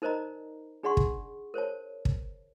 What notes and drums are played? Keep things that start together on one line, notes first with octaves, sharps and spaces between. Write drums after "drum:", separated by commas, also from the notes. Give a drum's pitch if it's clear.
D#4 A#4 C5 D5 D#5 A#5
D4 G#4 D5 F#5 C6 C#6
drum: kick
A#4 C5 C#5 A5
drum: kick